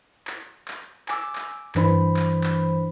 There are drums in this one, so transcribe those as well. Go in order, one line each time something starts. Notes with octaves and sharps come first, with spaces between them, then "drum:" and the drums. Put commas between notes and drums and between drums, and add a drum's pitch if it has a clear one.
drum: clap
drum: clap
G#5 D6 E6, drum: clap
drum: clap
G2 E3 D4 C5 B5, drum: clap
drum: clap
drum: clap